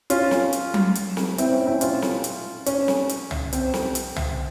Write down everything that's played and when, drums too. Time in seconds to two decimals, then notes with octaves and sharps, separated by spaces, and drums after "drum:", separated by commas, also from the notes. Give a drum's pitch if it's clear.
0.10 C#4 F4, drum: hi-hat
0.31 drum: snare
0.53 drum: hi-hat
0.74 drum: tom F#3
0.95 drum: hi-hat
1.17 drum: snare
1.38 C4 E4, drum: hi-hat
1.52 C#4
1.66 C4 E4
1.81 C#4 F4, drum: hi-hat
2.02 drum: snare
2.24 drum: hi-hat
2.66 C#4, drum: hi-hat
2.88 drum: snare
3.09 drum: hi-hat
3.31 drum: tom
3.53 C4, drum: hi-hat
3.74 drum: snare
3.95 drum: hi-hat
4.16 drum: tom